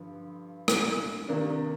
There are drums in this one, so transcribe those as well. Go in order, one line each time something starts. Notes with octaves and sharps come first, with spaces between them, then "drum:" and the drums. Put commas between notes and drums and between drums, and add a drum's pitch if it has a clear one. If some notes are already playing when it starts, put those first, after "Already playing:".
Already playing: G2 D3 F3
drum: rim click
C3 D#3 A#3 D4